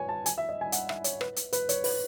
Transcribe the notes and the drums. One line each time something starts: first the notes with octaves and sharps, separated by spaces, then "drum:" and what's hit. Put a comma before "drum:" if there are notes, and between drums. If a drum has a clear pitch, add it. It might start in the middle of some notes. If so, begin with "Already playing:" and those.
Already playing: B4 C#5 G#5
A5
G#5, drum: hi-hat
E5
D#5
G#5
F#5, drum: hi-hat
E5, drum: rim click
C#5, drum: hi-hat
B4, drum: rim click
drum: hi-hat
B4, drum: hi-hat
C#5, drum: hi-hat
B4, drum: open hi-hat